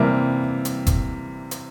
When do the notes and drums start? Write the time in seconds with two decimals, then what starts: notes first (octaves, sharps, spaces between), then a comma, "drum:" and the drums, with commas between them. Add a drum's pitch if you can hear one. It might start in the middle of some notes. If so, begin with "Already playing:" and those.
Already playing: C3 E3 G3 A#3
0.65 drum: hi-hat
0.87 drum: kick F#1, hi-hat
1.51 drum: hi-hat